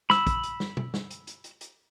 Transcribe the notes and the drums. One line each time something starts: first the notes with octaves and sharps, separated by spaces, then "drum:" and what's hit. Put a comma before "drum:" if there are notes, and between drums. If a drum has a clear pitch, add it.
B5 E6, drum: snare
drum: kick, hi-hat
drum: hi-hat
drum: snare
drum: tom B2
drum: snare
drum: hi-hat
drum: hi-hat
drum: hi-hat
drum: hi-hat